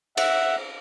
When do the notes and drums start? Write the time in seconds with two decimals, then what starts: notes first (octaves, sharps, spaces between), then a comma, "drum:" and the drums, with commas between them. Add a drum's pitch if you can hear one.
0.17 E5 F#5, drum: cymbal